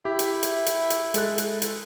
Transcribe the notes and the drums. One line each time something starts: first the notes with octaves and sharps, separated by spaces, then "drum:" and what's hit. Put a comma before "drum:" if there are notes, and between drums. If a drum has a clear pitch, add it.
E4 G4
drum: hi-hat
drum: hi-hat
drum: hi-hat
drum: hi-hat
G#3 A4 F#6, drum: hi-hat
drum: hi-hat
drum: hi-hat